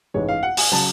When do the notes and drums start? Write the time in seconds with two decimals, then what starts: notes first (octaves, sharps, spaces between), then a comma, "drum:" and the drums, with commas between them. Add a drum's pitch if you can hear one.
0.14 A1 G#2 G#3 C#5
0.29 F5
0.43 F#5
0.57 G#5, drum: open hi-hat
0.72 C#3 F#3 A5